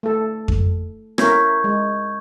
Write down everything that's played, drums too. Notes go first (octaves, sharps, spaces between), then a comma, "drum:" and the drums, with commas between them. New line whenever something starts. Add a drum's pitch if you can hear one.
A3 A4
drum: kick F2
C#4 E4 A#4 C#6 G6 G#6, drum: rim click
G#3